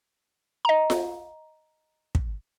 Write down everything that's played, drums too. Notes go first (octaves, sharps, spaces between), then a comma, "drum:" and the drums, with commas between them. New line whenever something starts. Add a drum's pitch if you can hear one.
D#5 A#5
drum: snare F4
drum: kick